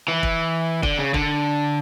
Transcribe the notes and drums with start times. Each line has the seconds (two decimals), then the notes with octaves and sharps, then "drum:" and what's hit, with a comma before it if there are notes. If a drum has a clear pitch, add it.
0.08 E3
0.23 drum: kick
0.83 D3, drum: kick
0.99 C#3
1.14 D3, drum: kick